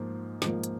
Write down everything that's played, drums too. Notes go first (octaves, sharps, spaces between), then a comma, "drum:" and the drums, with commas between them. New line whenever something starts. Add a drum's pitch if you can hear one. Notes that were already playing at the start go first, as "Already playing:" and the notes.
Already playing: G#2 F3 A#3
G#2 F3 A#3, drum: snare
drum: hi-hat